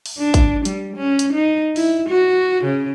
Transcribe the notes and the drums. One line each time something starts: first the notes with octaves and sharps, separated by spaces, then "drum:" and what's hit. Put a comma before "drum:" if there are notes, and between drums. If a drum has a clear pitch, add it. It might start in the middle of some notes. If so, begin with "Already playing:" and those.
drum: open hi-hat
D4
drum: kick, hi-hat
G3, drum: hi-hat
C#4
drum: hi-hat
D#4
E4, drum: open hi-hat
F#4
C#3